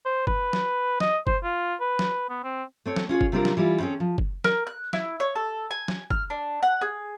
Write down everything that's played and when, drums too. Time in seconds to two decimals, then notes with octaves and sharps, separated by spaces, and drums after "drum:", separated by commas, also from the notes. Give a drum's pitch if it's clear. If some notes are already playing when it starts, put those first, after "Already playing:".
0.06 C5
0.27 B4, drum: kick
0.53 drum: snare
1.00 D#5, drum: snare
1.27 C5, drum: kick
1.44 F4
1.81 B4
1.99 drum: snare
2.30 B3
2.44 C4
2.86 A3 C4 C#5
2.96 drum: snare
3.09 C#4 F4 G#4 C#5
3.21 drum: kick
3.32 C3 G3 C4 D4 F4 A#4
3.45 drum: snare
3.57 E3 G3 E4 F4
3.80 C4 C#4 E4 G#4 A4
4.00 F3
4.18 drum: kick
4.44 A#4, drum: snare
4.67 F#6
4.93 E4, drum: snare
5.20 C#5
5.36 A4
5.71 G#5
5.88 drum: snare
6.10 F6, drum: kick
6.30 D4
6.63 F#5
6.82 G#4